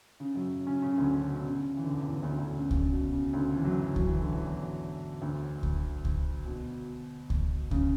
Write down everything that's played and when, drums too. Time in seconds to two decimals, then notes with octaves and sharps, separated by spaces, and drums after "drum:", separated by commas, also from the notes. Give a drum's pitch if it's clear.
0.20 C#3
0.35 F#2 F#3
0.66 C#3 C#4
0.82 C#3 C#4
0.98 D2 D3
1.14 C#3
1.30 B2
1.45 C#3
1.77 E3
1.84 D3
1.91 E2 E3
2.08 E2 E3
2.23 D2 D3
2.39 D2 D3
2.55 C#3
2.71 C#3, drum: kick C#2
2.92 B2
3.12 C#3
3.33 D2 D3
3.56 E3
3.64 F#2 F#3
3.96 F#3, drum: kick C#2
4.07 E3
4.20 D3
4.32 E2 E3
5.21 D2 D3
5.63 drum: kick C#2
6.05 drum: kick C#2
6.46 B2
7.30 drum: kick C#2
7.71 C#3, drum: kick C#2